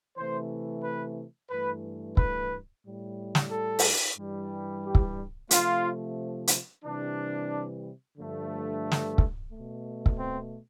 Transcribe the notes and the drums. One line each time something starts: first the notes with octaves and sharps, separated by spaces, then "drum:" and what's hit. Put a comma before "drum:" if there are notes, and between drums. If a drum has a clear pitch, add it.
C3 E3 A3 C5
B4
G2 E3 A3 B4
B4, drum: kick
A2 G3
drum: snare
A4
drum: open hi-hat
G2 E3 G3
G4
drum: kick
C3 F3 A3 F4, drum: hi-hat
drum: hi-hat
C3 E3 G3 D4
G2 D3 F3 A3
drum: snare
drum: kick
B2 A3
drum: kick
C4